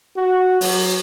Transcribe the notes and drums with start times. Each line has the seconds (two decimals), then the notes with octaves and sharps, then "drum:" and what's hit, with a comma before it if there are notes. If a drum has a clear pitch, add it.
0.17 F#4
0.61 F#3, drum: open hi-hat